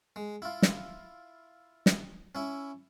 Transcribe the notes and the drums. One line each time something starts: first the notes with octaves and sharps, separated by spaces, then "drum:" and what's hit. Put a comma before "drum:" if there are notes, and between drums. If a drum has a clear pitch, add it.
G#3
E4 F4
drum: snare
drum: snare
C#4 E4